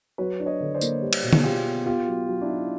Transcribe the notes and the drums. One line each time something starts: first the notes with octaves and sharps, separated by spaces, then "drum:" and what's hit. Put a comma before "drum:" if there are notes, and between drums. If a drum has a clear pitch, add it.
F#3 B4 C#5
D4
C#5 D#5
D3
C5 D5
A#3, drum: tambourine
G3
drum: cymbal
B2
G#4, drum: tom
B2 F4 G4
B3
B3 F4 G4
F#3
F#3
D4 E4
D#4